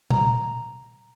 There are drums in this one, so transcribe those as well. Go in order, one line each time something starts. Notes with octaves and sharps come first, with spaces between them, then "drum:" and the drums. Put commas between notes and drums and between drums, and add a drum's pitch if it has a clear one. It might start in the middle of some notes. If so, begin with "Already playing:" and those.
A#5, drum: tom